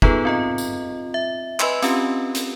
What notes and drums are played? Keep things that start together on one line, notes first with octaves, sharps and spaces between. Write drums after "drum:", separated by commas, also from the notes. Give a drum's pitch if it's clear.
B3 D#4 F4 G#4 A4 B4, drum: kick
C4 F4 D#5
drum: tambourine
E5
B4 D#5 G#5 B5 C6 E6, drum: clap
C4 C#4 F4 G4, drum: hi-hat
drum: hi-hat